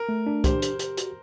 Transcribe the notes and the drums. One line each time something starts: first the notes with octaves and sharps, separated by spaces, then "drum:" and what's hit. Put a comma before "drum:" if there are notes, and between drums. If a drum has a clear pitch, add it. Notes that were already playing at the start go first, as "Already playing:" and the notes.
Already playing: A#4
A3
D4
G4 C5, drum: kick, hi-hat
G4, drum: hi-hat
G4, drum: hi-hat
F#4, drum: hi-hat